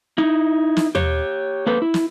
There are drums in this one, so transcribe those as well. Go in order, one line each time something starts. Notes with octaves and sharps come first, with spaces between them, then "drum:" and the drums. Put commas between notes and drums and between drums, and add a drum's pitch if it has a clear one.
D#4 E4
drum: snare
G4 C#5, drum: tom
A#3 A4 B4 C5
E4
drum: snare